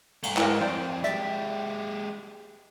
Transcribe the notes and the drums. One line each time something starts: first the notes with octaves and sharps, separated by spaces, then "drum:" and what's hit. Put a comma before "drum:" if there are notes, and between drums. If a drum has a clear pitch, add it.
G2 A3, drum: cymbal
G#2 E4 A#4, drum: clap
F2 C5 D5 G5
G#3 G4 D5 E5, drum: hi-hat